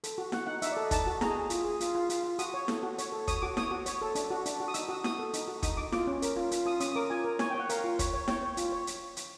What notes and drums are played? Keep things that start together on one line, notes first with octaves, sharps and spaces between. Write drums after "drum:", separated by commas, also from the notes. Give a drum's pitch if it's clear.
A4, drum: hi-hat
F#4
F#4 F#5, drum: snare E4
D#4 F#5
D#4 E5, drum: hi-hat
D5
A4
D#5
D#4 A5, drum: kick, hi-hat
F#4
G#4 A#5, drum: snare E4
G#4
F4, drum: hi-hat
G#4
F4, drum: hi-hat
F4
F4, drum: hi-hat
F4
F#4 D#6, drum: hi-hat
C#5
A4, drum: snare E4
F#4
C#5, drum: hi-hat
A4
C#5 D#6, drum: kick, hi-hat
F#4 D6
C#5 D#6, drum: snare E4
F#4
C#5, drum: hi-hat
A4
D4, drum: hi-hat
F#4
D4, drum: hi-hat
F#4
D#6
D#4 E6, drum: hi-hat
F#4 D#6
F#4 D#6, drum: snare E4
A4
D#4, drum: hi-hat
F#4
D#4 D#6, drum: kick, hi-hat
D#4 D6
F4 D6, drum: snare E4
C#4
A#4, drum: hi-hat
F4
F4, drum: hi-hat
F4 D#6
C#4 D#6, drum: hi-hat
D#6
A#4 D6
F4 G#5
A#4
C#5 G#5, drum: snare E4
G5
C#5 F#5
A#4 F5, drum: hi-hat
F4
C#5, drum: kick, hi-hat
C#5
C#5 G5, drum: snare E4
C#5
F4, drum: hi-hat
C#5
drum: hi-hat
drum: hi-hat